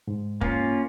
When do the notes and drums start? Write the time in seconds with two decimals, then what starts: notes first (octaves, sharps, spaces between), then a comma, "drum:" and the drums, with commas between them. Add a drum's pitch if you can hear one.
0.08 G#2
0.41 A#3 C#4 F4, drum: kick